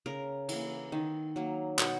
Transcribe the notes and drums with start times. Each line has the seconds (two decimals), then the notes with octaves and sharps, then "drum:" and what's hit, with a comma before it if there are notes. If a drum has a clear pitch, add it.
0.06 C#3 A#4
0.49 E3 A#3, drum: cymbal
0.92 D#3
1.36 F#3 A#3
1.79 B2 F#4, drum: clap